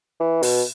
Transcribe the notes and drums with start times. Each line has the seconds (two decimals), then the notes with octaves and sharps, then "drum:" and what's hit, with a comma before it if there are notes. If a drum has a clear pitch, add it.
0.20 E3
0.43 B2, drum: open hi-hat